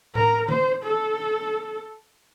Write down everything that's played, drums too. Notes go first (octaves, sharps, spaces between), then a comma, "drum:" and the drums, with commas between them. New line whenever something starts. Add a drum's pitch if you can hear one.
A#4, drum: tom A2
C5, drum: tom D3
A4